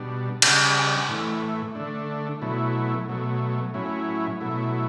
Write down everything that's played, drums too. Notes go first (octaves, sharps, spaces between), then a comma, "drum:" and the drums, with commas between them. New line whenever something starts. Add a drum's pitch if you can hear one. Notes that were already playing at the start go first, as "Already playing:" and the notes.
Already playing: B2 G3 D4
C#3 G3 D4, drum: cymbal
A2 E3 A3
D3 A3 D4
B2 F#3 A3 E4
B2 F#3 A3
A2 F#3 C#4 E4
B2 F#3 A3 E4